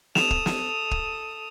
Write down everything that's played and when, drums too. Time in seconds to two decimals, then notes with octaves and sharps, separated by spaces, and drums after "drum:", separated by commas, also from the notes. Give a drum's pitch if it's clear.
0.15 A4 D#6 E7 F7, drum: snare
0.31 drum: kick
0.46 drum: snare
0.91 drum: kick